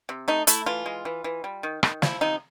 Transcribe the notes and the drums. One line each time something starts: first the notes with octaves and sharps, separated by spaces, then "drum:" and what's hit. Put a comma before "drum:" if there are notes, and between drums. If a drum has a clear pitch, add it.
C3
A3 D#4
A3 E4, drum: hi-hat
E3 F4
G#3
E3
E3
G3
D#3
D#3, drum: rim click
F3 E4, drum: snare
C3 D#4